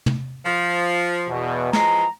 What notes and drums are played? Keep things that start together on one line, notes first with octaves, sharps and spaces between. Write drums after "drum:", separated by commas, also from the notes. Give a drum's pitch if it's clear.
drum: tom
F3
E2 B2
E3 F3 G#3 A#5, drum: snare